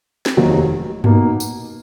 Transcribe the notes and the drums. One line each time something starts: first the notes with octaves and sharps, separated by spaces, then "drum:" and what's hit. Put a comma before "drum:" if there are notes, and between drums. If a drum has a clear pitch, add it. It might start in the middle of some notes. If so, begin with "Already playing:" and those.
drum: snare
F1 D#2 D#3 F#3
B2 A#3 D#4, drum: tom G2
drum: tambourine